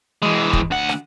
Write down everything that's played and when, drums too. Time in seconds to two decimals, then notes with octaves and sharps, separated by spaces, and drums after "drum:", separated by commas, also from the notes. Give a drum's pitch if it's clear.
0.23 E3 G#3
0.53 drum: kick
0.71 D2 F#5
0.89 drum: rim click